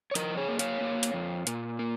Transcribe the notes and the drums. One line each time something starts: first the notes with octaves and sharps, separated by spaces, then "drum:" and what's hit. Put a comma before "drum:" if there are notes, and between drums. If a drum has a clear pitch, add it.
C#5
F3 A#4 D#5, drum: hi-hat
G#4 C#5
A#3
C#5 F5, drum: hi-hat
A#3
drum: hi-hat
F2
A#2, drum: hi-hat
A#3